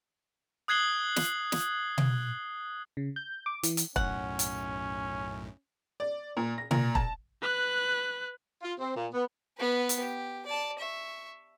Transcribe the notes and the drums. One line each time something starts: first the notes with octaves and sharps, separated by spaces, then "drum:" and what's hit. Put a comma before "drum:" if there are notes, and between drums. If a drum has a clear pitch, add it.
D#6 F#6 G#6 C7 F#7 G7
drum: snare
drum: snare
drum: tom B2
C#3
G6
D6
E3, drum: hi-hat
drum: hi-hat
B1 F#2 A2 C#4 F#5, drum: kick E1
drum: hi-hat
D5
A#2
A#6
A#2, drum: tom B2
A5, drum: kick E1
B4 F#6
F4
C4
A#2
B3
B3 B4
drum: hi-hat
G4
D5 A5
E5 C#6